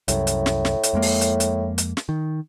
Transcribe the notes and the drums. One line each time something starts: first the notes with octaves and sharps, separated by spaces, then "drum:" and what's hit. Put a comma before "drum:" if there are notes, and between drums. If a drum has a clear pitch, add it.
C2 F#2 A2, drum: hi-hat
drum: hi-hat
drum: snare
drum: snare
drum: hi-hat
F2 G#3 A#3
drum: open hi-hat
drum: hi-hat
drum: hi-hat
drum: hi-hat
drum: snare
D#3